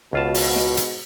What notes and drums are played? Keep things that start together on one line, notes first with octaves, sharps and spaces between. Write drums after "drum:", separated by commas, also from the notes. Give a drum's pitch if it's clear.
C#2 G#2 B2 F4 F#4 A5
drum: open hi-hat
drum: snare
drum: hi-hat